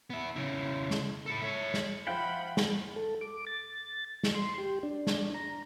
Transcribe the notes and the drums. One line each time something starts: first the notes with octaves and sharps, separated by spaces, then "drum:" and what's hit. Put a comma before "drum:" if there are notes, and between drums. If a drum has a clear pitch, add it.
B3 E5
C#3 E4
drum: snare
E4 A4
C#5 E5
drum: snare
F3 F4 E5 F#5 G5 B5
drum: snare
A4
D6
A6
drum: snare
C6
G4
D4
drum: snare
A#5